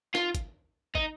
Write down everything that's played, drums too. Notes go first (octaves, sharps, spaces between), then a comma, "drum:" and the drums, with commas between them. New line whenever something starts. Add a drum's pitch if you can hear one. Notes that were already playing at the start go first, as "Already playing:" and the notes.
F4, drum: snare
drum: kick, hi-hat
D#4, drum: kick